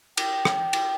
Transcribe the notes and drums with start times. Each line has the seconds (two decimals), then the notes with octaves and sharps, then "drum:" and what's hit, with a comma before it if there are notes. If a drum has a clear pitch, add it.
0.17 G5, drum: cymbal
0.45 drum: rim click
0.73 drum: cymbal